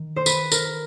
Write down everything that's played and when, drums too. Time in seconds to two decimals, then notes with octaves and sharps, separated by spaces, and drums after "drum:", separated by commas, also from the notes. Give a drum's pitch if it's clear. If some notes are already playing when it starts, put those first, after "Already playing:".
Already playing: D#3
0.16 C5
0.26 B4, drum: tambourine
0.52 A#4, drum: tambourine